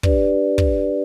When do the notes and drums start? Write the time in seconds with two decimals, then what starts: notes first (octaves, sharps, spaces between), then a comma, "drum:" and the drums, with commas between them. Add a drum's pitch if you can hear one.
0.03 D4 G4 B4 D5, drum: kick
0.58 drum: kick